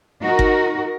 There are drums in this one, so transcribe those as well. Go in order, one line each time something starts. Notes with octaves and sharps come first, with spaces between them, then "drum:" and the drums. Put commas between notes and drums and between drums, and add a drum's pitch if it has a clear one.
D#4 F#4 A#4
drum: kick G1